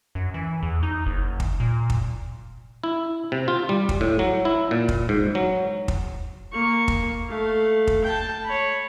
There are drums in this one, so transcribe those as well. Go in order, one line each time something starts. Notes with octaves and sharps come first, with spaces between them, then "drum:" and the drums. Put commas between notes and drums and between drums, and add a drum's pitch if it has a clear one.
F#2
E3
E2
D#4
F#1
drum: kick
A#2
drum: kick
E4
C3
F4
G3
drum: kick
A2
F#3
E4
A#2
drum: kick
G#2
F#3
drum: kick
A#3 C#6
drum: kick
A3 F5
drum: kick
G5 A5
C#5 B5